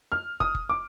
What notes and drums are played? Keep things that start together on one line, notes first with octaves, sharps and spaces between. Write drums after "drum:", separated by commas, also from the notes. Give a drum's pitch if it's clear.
F6
D#6, drum: kick
drum: kick
D6